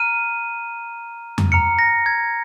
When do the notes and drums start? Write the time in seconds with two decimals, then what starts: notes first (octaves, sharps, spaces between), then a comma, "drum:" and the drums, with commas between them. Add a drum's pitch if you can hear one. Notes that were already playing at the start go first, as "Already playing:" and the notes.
Already playing: A#5 F6 D#7
1.38 drum: tom F2
1.52 A#5 F6 C#7
1.79 A#6
2.06 G#6